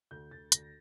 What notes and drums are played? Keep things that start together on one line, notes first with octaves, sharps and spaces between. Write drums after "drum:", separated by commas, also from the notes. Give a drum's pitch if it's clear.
D2 G6
D2 A6
D2 A#6, drum: hi-hat